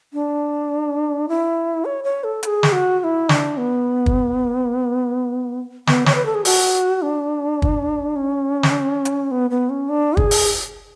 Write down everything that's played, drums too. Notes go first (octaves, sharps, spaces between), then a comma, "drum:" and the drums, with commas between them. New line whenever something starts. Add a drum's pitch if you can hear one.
D4
E4
C#5
C#5
A4
A4, drum: hi-hat
G#4
drum: snare
F#4
F#4
E4
D4, drum: snare
B3
drum: kick
B3, drum: snare
C#5, drum: snare
B4
A4
G#4
F#4, drum: open hi-hat
D4
drum: kick
C#4
drum: snare
drum: hi-hat
B3
B3
C#4
D4
G#4, drum: kick
drum: open hi-hat